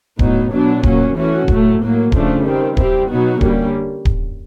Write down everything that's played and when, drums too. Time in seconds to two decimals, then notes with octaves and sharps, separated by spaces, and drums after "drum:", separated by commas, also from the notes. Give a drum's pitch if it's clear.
0.19 A2 F#3 B3 D#4, drum: kick D1
0.52 B2 F#3 B3 D4
0.83 A#2 F#3 A#3 C#4, drum: kick D1
1.16 E3 A3 C#4 F#4
1.48 A2 F#3 A3, drum: kick D1
1.80 A2 F#3 A#3
2.12 C#3 F3 A3 D4, drum: kick D1
2.44 D#3 G3 C4
2.77 G3 C4 E4 G4, drum: kick D1
3.09 B2 F#3 B3 D#4 F#4
3.41 D3 G3 A#3 C#4, drum: kick D1
4.05 drum: kick D1